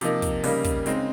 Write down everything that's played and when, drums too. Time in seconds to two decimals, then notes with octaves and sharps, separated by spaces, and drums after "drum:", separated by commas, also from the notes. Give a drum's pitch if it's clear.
0.01 C3 F3 A#3 D#4, drum: hi-hat
0.22 drum: kick, hi-hat
0.44 C#3 G3 A#3 D#4, drum: open hi-hat
0.64 drum: kick, hi-hat
0.86 C#3 G#3 C4 D#4, drum: hi-hat